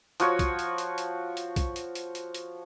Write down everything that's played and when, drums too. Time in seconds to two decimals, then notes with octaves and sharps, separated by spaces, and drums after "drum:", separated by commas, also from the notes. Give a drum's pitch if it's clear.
0.20 F3 F#4 C#5, drum: hi-hat
0.39 drum: kick, hi-hat
0.59 drum: hi-hat
0.78 drum: hi-hat
0.98 drum: hi-hat
1.37 drum: hi-hat
1.56 drum: kick, hi-hat
1.76 drum: hi-hat
1.95 drum: hi-hat
2.15 drum: hi-hat
2.34 drum: hi-hat